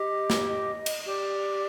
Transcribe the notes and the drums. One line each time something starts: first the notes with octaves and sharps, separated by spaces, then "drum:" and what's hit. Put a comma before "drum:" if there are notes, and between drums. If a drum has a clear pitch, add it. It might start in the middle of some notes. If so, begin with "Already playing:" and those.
Already playing: G4 D#5
drum: snare
D#5
drum: cymbal
G4 D5